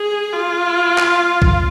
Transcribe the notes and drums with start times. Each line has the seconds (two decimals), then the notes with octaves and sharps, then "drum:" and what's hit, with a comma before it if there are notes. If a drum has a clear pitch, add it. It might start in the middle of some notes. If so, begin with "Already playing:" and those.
Already playing: G#4
0.33 F4
0.98 drum: clap
1.42 drum: kick B1